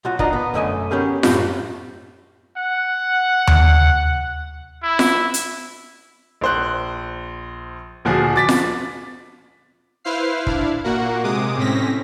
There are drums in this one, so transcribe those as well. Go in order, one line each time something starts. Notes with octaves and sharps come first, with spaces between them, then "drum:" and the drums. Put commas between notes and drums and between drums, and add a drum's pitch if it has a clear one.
B1 F4 F#4
D4 F4 D5 D#5 F#5 A#5, drum: kick
B3
B1 F#2 D3 A3 D#5 G#5
B3 C#4 G4 G#4 A#4
F#2 A2 C#3 A3 F4 G4, drum: snare F4
F#5
drum: tom D#2
E4
drum: snare F4
drum: hi-hat
A#1 C5 F#6
D2 A#2 F3 F#4 G#4
D6 A6 B6
drum: snare F4
E4 B4 C5 F5 F6 C7
D4 E4 F5, drum: kick
A#2 A#3 F#4 A#4 F#5
C3 G#3 D6 D#6
A2 C4 C#4 A#6 B6